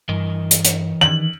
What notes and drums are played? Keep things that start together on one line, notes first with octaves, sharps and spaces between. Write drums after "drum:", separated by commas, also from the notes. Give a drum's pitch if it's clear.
G2 E3 A#4 D#5
drum: hi-hat
drum: hi-hat
D#3 F#7